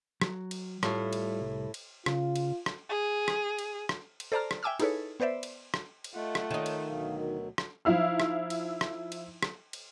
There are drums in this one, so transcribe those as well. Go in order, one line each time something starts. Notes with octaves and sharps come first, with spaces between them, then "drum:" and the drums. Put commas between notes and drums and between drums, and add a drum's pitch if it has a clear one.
F#3, drum: rim click
drum: cymbal
A2 G3 F4 A4, drum: rim click
drum: cymbal
C2
drum: cymbal
C#3 F4, drum: rim click
drum: cymbal
drum: rim click
G#4
drum: rim click
drum: cymbal
drum: rim click
drum: cymbal
A4 C5 D5 A5 A#5 F6
drum: rim click
E5 G5 G#5 D6 E6 F6
D#4 E4 G#4 A4 B4 C#5, drum: cymbal
B3 B4 C5 D5 E5
drum: cymbal
drum: rim click
drum: cymbal
A3 F4 D#5 F#5
drum: rim click
D#3 D#4 C#5
drum: cymbal
D2 B2 F#3 F5
A#4
drum: rim click
F3 D#4 E4 F5 E6
drum: rim click
drum: cymbal
drum: rim click
drum: cymbal
drum: rim click
drum: cymbal